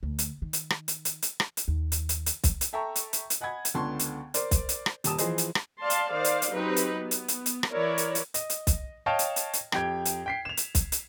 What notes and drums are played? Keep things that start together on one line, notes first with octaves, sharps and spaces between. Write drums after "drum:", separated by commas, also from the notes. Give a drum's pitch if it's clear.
D2
drum: hi-hat
D#3
drum: hi-hat
drum: rim click
drum: hi-hat
drum: hi-hat
drum: hi-hat
drum: rim click
drum: hi-hat
D#2
drum: hi-hat
drum: hi-hat
drum: hi-hat
drum: kick, hi-hat
drum: hi-hat
A4 E5 G5 A5 A#5 C#6
drum: hi-hat
drum: hi-hat
drum: hi-hat
D#5 F#5 G#5 B5 G#6
drum: hi-hat
C#2 D3 B3 A5 C6 C#6
drum: hi-hat
A#4 C5 D5, drum: hi-hat
drum: kick, hi-hat
drum: hi-hat
drum: rim click
D#1 G4 A5 D#6 E7, drum: hi-hat
E3 F3 G#4 C5 D#5, drum: hi-hat
drum: hi-hat
drum: rim click
D5 F5 A5 C6
drum: hi-hat
D#3 C5 D5 F5
drum: hi-hat
drum: hi-hat
F#3 C4 D#4 G4 B4
drum: hi-hat
B3
drum: hi-hat
drum: hi-hat
drum: hi-hat
drum: rim click
E3 E4 A#4 C#5 D5
drum: hi-hat
drum: hi-hat
D#5, drum: hi-hat
drum: hi-hat
drum: kick, hi-hat
C#5 D#5 F5 G5 A5
drum: hi-hat
drum: hi-hat
drum: hi-hat
F2 G4 G5 G#6, drum: rim click
drum: hi-hat
G5 B6 C7
E7 F7
drum: hi-hat
drum: kick, hi-hat
drum: hi-hat